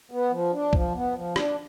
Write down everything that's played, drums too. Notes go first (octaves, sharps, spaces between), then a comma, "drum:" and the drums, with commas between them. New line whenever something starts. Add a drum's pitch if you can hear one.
B3
F3
D4
F3, drum: kick
B3
F3
D4, drum: rim click